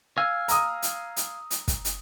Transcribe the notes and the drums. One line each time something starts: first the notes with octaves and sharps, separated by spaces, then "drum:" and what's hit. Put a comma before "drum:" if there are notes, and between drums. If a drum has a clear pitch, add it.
F5 G#5 E6
A#5 D#6, drum: hi-hat
drum: hi-hat
drum: hi-hat
drum: hi-hat
drum: kick, hi-hat
drum: hi-hat